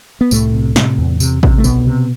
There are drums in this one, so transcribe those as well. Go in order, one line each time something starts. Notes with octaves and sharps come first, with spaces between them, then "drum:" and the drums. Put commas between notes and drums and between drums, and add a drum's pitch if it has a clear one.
B3
C2 A2 A3, drum: tambourine
C3
C3, drum: snare
E2
C3, drum: tambourine
C3, drum: kick A1
A3
C2 B2 B3, drum: tambourine
C3